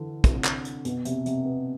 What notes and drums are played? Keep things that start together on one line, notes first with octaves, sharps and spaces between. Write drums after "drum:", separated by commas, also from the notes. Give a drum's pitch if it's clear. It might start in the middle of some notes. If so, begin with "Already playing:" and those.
Already playing: D3 E3
C3, drum: kick, hi-hat
drum: clap
drum: hi-hat
B2, drum: hi-hat
C3, drum: hi-hat
C3, drum: hi-hat
B3